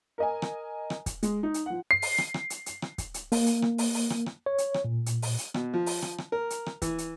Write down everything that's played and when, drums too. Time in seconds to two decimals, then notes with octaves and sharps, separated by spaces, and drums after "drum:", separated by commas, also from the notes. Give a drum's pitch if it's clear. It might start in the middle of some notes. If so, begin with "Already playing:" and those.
0.18 A#4 D#5 G#5
0.42 drum: rim click
0.90 drum: rim click
1.06 drum: kick, hi-hat
1.23 G#3, drum: hi-hat
1.43 D#4
1.54 drum: hi-hat
1.66 F3 F#5
1.91 C7
2.02 drum: open hi-hat
2.18 drum: rim click
2.34 drum: rim click
2.50 drum: hi-hat
2.66 drum: hi-hat
2.82 drum: rim click
2.98 drum: kick, hi-hat
3.14 drum: hi-hat
3.32 A#3, drum: open hi-hat
3.46 drum: hi-hat
3.62 drum: rim click
3.78 drum: open hi-hat
3.94 drum: open hi-hat
4.10 drum: rim click
4.26 drum: rim click
4.46 C#5
4.58 drum: hi-hat
4.74 drum: rim click
4.85 A#2
5.06 drum: hi-hat
5.22 drum: open hi-hat
5.38 drum: hi-hat
5.54 B2, drum: rim click
5.74 F3
5.86 drum: open hi-hat
6.02 drum: rim click
6.18 drum: rim click
6.32 A#4
6.50 drum: hi-hat
6.66 drum: rim click
6.82 E3, drum: kick, hi-hat
6.98 drum: hi-hat